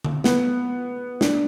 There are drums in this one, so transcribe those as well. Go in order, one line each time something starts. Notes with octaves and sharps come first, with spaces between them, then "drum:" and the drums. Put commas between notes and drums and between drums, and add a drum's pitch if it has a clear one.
drum: tom D3
B3, drum: snare
D4, drum: snare